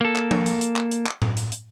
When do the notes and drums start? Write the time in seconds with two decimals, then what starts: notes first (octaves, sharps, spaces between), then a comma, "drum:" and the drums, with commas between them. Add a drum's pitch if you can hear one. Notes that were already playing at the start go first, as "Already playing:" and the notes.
0.01 A#3 A4
0.16 drum: clap
0.31 drum: tom F3
0.46 drum: hi-hat
0.61 drum: hi-hat
0.76 drum: clap
0.91 drum: hi-hat
1.07 drum: clap
1.22 drum: tom A2
1.37 drum: hi-hat
1.52 drum: hi-hat